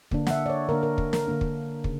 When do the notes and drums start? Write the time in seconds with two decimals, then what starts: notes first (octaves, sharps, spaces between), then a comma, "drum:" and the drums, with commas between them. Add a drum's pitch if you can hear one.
0.11 D3 A#3 D4, drum: kick
0.27 F#5, drum: snare
0.31 E5
0.46 D5
0.50 C#5
0.69 D3 A#3 D4 A#4
0.83 A#4
0.98 drum: kick
1.13 A#4, drum: snare
1.27 D3 A#3 D4
1.41 drum: kick
1.84 C#3, drum: kick